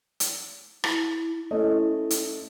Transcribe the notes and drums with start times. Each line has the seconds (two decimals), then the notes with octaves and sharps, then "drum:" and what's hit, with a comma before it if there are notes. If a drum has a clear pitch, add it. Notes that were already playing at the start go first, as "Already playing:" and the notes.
0.20 drum: hi-hat
0.84 E4, drum: rim click
1.51 A3 C#4 E4 D#5
2.10 drum: hi-hat